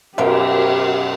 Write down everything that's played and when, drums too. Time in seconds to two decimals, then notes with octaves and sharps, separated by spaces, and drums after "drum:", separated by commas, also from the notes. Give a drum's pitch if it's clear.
0.18 F#2 B2 G4 A#4, drum: cymbal